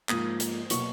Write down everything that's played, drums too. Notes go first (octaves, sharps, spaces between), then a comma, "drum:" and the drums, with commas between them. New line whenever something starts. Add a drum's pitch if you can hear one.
G#2 F3 A#3 D#6, drum: clap
drum: hi-hat
B2 F#3 A#3 C#6, drum: hi-hat